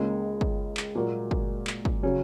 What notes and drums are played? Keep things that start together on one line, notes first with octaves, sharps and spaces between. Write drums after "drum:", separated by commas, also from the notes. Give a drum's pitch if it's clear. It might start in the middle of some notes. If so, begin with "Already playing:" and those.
Already playing: C#2 C#3 G#3 A#3
drum: kick
drum: clap
A#2 F#3 A#3 F#4
drum: kick
drum: clap
drum: kick
C#3 F#3 C#4